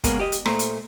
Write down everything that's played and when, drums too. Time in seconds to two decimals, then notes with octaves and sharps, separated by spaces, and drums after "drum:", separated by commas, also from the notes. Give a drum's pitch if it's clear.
0.04 C#3 G#3 A#3 B3 C#4 A#4, drum: kick, hi-hat
0.20 G4 D#5
0.32 drum: hi-hat
0.46 A#2 A3 C5 A#5, drum: rim click
0.59 drum: hi-hat